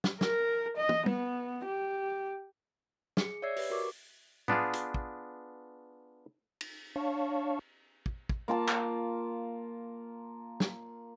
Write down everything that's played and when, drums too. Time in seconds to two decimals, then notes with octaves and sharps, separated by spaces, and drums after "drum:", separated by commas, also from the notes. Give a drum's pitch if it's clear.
0.04 drum: snare
0.21 A#4, drum: snare
0.76 D#5
0.89 drum: tom
1.06 B3, drum: tom
1.65 G4
3.17 G#4 C#7, drum: snare
3.42 C#5 D5 E5 E6 G#6 C7
3.56 G4 B4, drum: open hi-hat
3.70 F#4 A#4 C#6 D6
4.48 B3 D4 F4 G#4, drum: tom A2
4.73 drum: hi-hat
4.94 drum: kick
6.61 drum: cymbal
6.96 D4 C#5 F5 A5 C#6
8.06 drum: kick
8.29 drum: kick
8.48 A#3 F4 A5
8.68 drum: clap
10.60 drum: snare